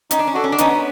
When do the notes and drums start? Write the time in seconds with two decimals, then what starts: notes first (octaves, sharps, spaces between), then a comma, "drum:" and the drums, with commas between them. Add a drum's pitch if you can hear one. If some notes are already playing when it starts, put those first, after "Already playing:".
0.11 C#4 D#4, drum: hi-hat
0.19 D4
0.27 C#4
0.34 D4 F#4 A4
0.44 C#4
0.52 D4
0.58 B3 C#4 D#4, drum: hi-hat